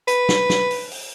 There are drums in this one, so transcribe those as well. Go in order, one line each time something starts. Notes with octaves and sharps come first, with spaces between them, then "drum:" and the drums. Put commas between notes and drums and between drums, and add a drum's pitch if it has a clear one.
B4, drum: hi-hat
drum: snare
drum: snare
drum: open hi-hat
drum: open hi-hat